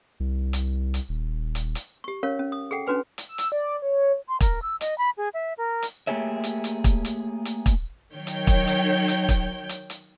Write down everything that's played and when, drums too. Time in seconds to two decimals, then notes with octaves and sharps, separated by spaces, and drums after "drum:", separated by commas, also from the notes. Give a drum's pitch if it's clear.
0.20 C2
0.53 drum: hi-hat
0.94 drum: hi-hat
1.09 D#1
1.55 drum: hi-hat
1.75 drum: hi-hat
2.04 G4 C#6
2.23 C#4 A#4 C#5 F5
2.39 C#4
2.52 D#6
2.71 G#4 A4 F#5 G5
2.87 C#4 D4 F#4 B4 G#5
3.18 drum: hi-hat
3.29 E6
3.38 drum: hi-hat
3.52 D5
3.82 C#5
4.28 C6
4.40 A#4, drum: kick, hi-hat
4.62 E6
4.81 D#5, drum: hi-hat
4.98 B5
5.17 G#4
5.34 E5
5.58 A#4
5.83 drum: hi-hat
6.07 A3 A#3 G4 G#4 C#5 E5
6.44 drum: hi-hat
6.64 drum: hi-hat
6.84 drum: kick, hi-hat
7.05 drum: hi-hat
7.45 drum: hi-hat
7.66 drum: kick, hi-hat
8.12 D#3 F#3 C#5 G5 G6
8.27 drum: hi-hat
8.47 drum: kick, hi-hat
8.68 drum: hi-hat
9.08 drum: hi-hat
9.29 drum: kick, hi-hat
9.69 drum: hi-hat
9.90 drum: hi-hat